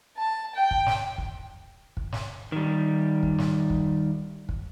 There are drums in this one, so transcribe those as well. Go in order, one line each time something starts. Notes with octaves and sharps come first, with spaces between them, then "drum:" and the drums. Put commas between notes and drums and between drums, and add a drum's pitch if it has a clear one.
A5
G5
drum: kick
drum: snare
drum: kick
drum: kick
drum: snare
D#3 G3
drum: kick
drum: snare
drum: kick
drum: kick